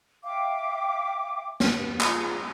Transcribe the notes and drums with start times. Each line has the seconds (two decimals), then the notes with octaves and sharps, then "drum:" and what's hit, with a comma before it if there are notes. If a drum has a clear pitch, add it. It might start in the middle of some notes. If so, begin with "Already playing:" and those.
0.23 E5 F5 G5 D6
1.60 drum: snare
2.01 F4 G#4 C#5 A#5, drum: clap